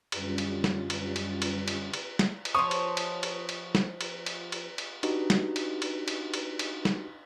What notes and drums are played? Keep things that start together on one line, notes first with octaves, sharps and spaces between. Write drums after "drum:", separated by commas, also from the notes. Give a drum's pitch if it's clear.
F#2 D3 G3 C#4 F4 A6, drum: cymbal
drum: cymbal
drum: snare
drum: cymbal
drum: cymbal
drum: cymbal
drum: cymbal
drum: cymbal
drum: snare
drum: cymbal
F3 C5 C#5 C#6 D#6
drum: cymbal
drum: cymbal
drum: cymbal
drum: cymbal
drum: snare
drum: cymbal
drum: cymbal
drum: cymbal
drum: cymbal
D4 D#4 F#4 G4 B4 D#5, drum: cymbal
drum: snare
drum: cymbal
drum: cymbal
drum: cymbal
drum: cymbal
drum: cymbal
drum: snare